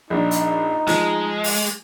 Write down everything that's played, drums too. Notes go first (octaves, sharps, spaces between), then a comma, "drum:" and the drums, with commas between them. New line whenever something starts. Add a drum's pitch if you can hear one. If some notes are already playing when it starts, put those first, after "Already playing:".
A#1 D4 D#4
drum: hi-hat
F3 G#3, drum: snare
drum: open hi-hat